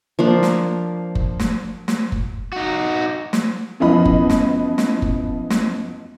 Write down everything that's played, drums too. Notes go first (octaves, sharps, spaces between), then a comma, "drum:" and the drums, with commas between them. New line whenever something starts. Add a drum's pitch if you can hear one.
F3 A#3 D4
drum: snare
drum: kick F#1
drum: snare
drum: snare
drum: kick F#1
D#4 F#4
drum: snare
F#2 E3 F3 B3 D#5 B5
drum: kick F#1
drum: snare
drum: snare
drum: kick F#1
drum: snare